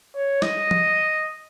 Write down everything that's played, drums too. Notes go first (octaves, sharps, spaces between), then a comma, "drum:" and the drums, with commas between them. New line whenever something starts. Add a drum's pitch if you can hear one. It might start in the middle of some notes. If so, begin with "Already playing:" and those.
C#5
D#5, drum: snare
drum: tom F3